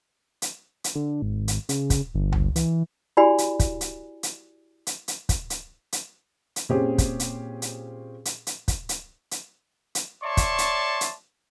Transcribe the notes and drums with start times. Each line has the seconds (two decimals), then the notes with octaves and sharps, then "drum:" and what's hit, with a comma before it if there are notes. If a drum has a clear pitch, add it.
0.42 drum: hi-hat
0.84 drum: hi-hat
0.95 D3
1.22 G#1
1.48 drum: hi-hat
1.69 C#3, drum: hi-hat
1.90 drum: kick, hi-hat
2.15 G1
2.32 drum: tom C#2
2.56 E3, drum: hi-hat
3.17 E4 F#4 G4 D5 G#5 B5
3.38 drum: hi-hat
3.60 drum: kick, hi-hat
3.81 drum: hi-hat
4.23 drum: hi-hat
4.87 drum: hi-hat
5.08 drum: hi-hat
5.29 drum: kick, hi-hat
5.50 drum: hi-hat
5.92 drum: hi-hat
6.56 drum: hi-hat
6.69 A#2 C4 C#4 G4 G#4
6.98 drum: kick, hi-hat
7.20 drum: hi-hat
7.62 drum: hi-hat
8.25 drum: hi-hat
8.47 drum: hi-hat
8.68 drum: kick, hi-hat
8.89 drum: hi-hat
9.31 drum: hi-hat
9.95 drum: hi-hat
10.23 C#5 D5 E5 A5 C6 C#6
10.37 drum: kick, hi-hat
10.58 drum: hi-hat
11.01 drum: hi-hat